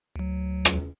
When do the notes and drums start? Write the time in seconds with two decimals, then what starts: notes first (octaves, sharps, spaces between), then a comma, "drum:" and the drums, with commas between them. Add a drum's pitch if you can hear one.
0.16 D2 F#3
0.65 drum: rim click